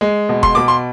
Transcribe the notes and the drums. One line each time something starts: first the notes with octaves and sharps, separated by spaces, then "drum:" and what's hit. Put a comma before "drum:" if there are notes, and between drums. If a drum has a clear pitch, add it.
G#3
B2
C6, drum: kick F1
B2 D6
C6